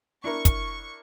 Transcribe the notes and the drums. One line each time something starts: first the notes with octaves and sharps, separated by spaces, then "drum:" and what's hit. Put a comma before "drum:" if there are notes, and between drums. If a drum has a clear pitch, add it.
D4 E4 A#4 C#6
drum: kick, hi-hat